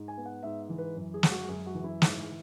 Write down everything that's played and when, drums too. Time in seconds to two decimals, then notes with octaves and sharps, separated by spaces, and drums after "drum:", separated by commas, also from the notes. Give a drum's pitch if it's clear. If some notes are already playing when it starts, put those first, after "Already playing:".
Already playing: G#2
0.08 G#5
0.17 B3
0.25 F#5
0.43 G#2 E5
0.70 E3
0.78 B4
0.97 F#2
1.14 G#4
1.23 G#3, drum: snare
1.31 F#4
1.49 F#2 G#4
1.66 F#4
1.75 E3
1.84 E4
2.02 G#2, drum: snare